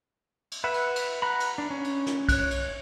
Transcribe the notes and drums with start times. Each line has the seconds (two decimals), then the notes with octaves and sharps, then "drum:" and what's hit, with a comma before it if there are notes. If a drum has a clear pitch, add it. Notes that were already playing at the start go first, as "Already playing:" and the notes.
0.52 drum: cymbal
0.64 B4 E5 F#5
0.74 drum: cymbal
0.96 drum: cymbal
1.22 F#5 A#5 B5
1.40 drum: cymbal
1.58 D4
1.70 C#4
1.84 drum: cymbal
2.06 drum: snare
2.29 C#5 F#6, drum: kick, cymbal
2.51 drum: cymbal